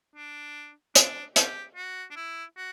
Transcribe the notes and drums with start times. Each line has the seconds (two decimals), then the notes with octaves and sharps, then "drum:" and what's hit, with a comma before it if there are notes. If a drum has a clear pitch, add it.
0.16 D4
0.95 D4, drum: hi-hat
1.36 G4, drum: hi-hat
1.76 F#4
2.11 D4
2.16 E4
2.57 F#4